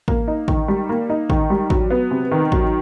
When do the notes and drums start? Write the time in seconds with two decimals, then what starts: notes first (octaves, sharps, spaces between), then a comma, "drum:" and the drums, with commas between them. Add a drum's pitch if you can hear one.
0.08 A#3, drum: kick A1
0.28 D#4
0.48 D#3, drum: kick A1
0.68 G3
0.89 A#3
1.10 D#4
1.30 D#3, drum: kick A1
1.50 G3
1.70 F#3, drum: kick A1
1.90 B3
2.11 C3
2.31 D#3
2.52 F#3, drum: kick A1